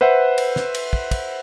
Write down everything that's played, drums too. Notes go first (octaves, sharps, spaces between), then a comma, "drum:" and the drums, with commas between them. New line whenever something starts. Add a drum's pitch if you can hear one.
B4 C5 E5 F#5
drum: cymbal
drum: snare
drum: cymbal
drum: kick
drum: kick, cymbal